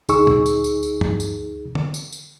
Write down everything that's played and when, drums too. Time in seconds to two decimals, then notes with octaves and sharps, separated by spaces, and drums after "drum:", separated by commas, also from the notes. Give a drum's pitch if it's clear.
0.09 D2 D#4 G#4 C#6 E6, drum: tambourine
0.27 drum: tom
0.46 drum: tambourine
0.64 drum: tambourine
0.83 drum: tambourine
1.01 drum: tom G2
1.20 drum: tambourine
1.75 drum: tom D3
1.94 drum: tambourine
2.12 drum: tambourine